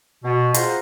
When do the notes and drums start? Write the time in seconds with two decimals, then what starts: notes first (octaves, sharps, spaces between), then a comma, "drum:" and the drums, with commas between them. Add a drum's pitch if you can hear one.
0.24 B2
0.54 F4 G#4 C5 F#5 A#5 C6, drum: hi-hat